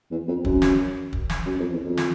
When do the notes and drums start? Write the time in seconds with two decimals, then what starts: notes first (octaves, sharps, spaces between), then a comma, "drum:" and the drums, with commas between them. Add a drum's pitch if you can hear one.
0.11 E2
0.28 F2
0.45 F#2, drum: kick
0.62 drum: snare
1.13 drum: kick
1.30 drum: snare
1.46 F#2
1.59 F2
1.72 E2
1.85 F2
1.97 drum: snare